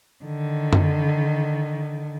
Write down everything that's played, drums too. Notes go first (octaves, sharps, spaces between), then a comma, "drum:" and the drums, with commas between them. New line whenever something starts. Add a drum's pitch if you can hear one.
D3 D#3
drum: tom F#2